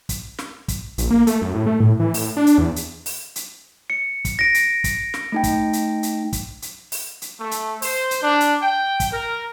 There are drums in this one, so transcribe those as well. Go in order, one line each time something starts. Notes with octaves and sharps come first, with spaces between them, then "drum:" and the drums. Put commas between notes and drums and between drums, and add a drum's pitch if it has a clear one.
drum: kick, hi-hat
drum: snare
drum: kick, hi-hat
A#1, drum: hi-hat
A#3
A3, drum: hi-hat
F#2
A2
A3
A2
E3
A2, drum: open hi-hat
D4
drum: hi-hat
E2
drum: hi-hat
drum: open hi-hat
drum: hi-hat
C#7
drum: kick, hi-hat
A#6 D7
drum: hi-hat
drum: kick, hi-hat
drum: snare
A3 D#4 G5
drum: kick, hi-hat
drum: hi-hat
drum: hi-hat
drum: kick, hi-hat
drum: hi-hat
drum: open hi-hat
drum: hi-hat
A3
drum: hi-hat
C5, drum: open hi-hat
drum: hi-hat
D4
drum: hi-hat
G5
drum: kick, hi-hat
A#4